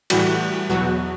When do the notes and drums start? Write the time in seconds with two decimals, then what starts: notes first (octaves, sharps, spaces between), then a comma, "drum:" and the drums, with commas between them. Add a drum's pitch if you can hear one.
0.10 A2 E3 G3 F#4, drum: cymbal
0.69 E2 B2 F#3 F#4